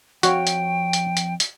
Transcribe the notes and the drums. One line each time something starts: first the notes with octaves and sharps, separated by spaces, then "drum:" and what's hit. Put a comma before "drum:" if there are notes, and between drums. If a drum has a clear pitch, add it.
F2 F#4 C#5 F5 G5, drum: hi-hat
drum: hi-hat
drum: hi-hat
drum: hi-hat
drum: hi-hat